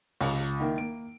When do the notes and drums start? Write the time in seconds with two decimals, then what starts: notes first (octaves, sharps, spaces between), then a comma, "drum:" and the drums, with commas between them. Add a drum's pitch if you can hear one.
0.21 C#2, drum: open hi-hat
0.60 D#3 A#3 E4 A#4
0.78 A#3 D7